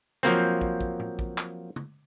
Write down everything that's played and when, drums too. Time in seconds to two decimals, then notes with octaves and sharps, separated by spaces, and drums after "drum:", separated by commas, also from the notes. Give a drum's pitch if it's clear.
0.23 F3 F#3 A#3 C4, drum: tom
0.61 drum: kick
0.81 drum: kick
1.00 drum: tom A2
1.19 drum: kick
1.38 drum: clap
1.76 drum: tom